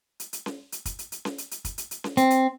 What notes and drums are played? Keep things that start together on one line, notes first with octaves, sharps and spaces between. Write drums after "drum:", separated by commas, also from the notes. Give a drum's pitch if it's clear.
drum: hi-hat
drum: hi-hat
drum: snare C#4
drum: hi-hat
drum: kick, hi-hat
drum: hi-hat
drum: hi-hat
drum: snare C#4
drum: hi-hat
drum: hi-hat
drum: kick, hi-hat
drum: hi-hat
drum: hi-hat
drum: snare C#4
C4, drum: hi-hat
drum: hi-hat